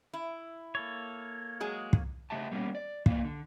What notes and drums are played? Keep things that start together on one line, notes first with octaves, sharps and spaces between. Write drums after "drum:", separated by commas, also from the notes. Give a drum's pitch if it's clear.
E4
A#3 A4 C#5
F#3 G#3 G#4
drum: kick
C#3 A3 G4 D#5 E5 A5
G3 A#3 B3 C#4
D5
A#3 E4 D5, drum: kick
D3